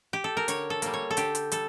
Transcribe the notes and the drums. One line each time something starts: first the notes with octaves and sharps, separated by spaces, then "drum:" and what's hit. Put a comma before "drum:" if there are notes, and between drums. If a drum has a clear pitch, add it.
G4
A4
A#4
D3 C#5, drum: hi-hat
A4
G3 A#3, drum: hi-hat
C#5
A4
D3 G4, drum: hi-hat
drum: hi-hat
G3 A4, drum: hi-hat